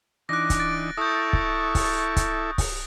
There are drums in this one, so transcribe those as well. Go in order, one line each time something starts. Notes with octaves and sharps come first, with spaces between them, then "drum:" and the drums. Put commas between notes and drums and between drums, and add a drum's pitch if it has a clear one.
E3 D4 D#4 D6 F#6 A#6
drum: kick C#1, hi-hat
A6 D7
E4 A4 E5 C#6 D#6 G6
drum: kick C#1
drum: kick C#1, open hi-hat
drum: kick C#1, hi-hat
drum: kick C#1, open hi-hat